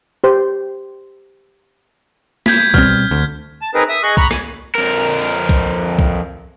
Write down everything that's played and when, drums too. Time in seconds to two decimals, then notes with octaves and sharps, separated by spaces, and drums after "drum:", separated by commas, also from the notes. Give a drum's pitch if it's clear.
0.24 G4 C5
2.46 G6 G#6 B6, drum: snare A#3
2.74 B2 G3 C4 F6, drum: kick
3.11 D2
3.62 A5
3.74 C4 D#4 G#4 A#4 B4
3.89 E5 D#6
4.03 G#4 D#5 C#6 F#6
4.17 A#5 B5 C#6 F#6, drum: kick
4.31 G#5, drum: rim click
4.75 F2 A#4
5.49 drum: kick
5.99 drum: kick